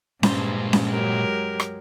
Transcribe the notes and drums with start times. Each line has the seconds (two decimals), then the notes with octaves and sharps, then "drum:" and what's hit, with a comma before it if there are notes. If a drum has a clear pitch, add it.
0.23 G2 A#2 G#3 C5, drum: snare C#4
0.73 drum: snare C#4
0.90 F#3 G4 A#4
1.60 drum: rim click